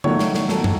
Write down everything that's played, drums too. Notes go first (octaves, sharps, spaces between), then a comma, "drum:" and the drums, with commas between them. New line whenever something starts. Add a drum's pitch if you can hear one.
D#3 F#3 A3 C#5, drum: tom C#3
drum: snare
drum: snare
D#3 F#3 A3 A4, drum: snare
drum: tom